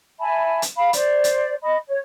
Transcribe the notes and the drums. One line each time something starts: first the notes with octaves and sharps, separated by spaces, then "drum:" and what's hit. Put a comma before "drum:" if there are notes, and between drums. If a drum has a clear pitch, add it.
E5 G#5 A5 B5
drum: hi-hat
F5 B5
C5 D5, drum: hi-hat
drum: hi-hat
D#5 B5
C#5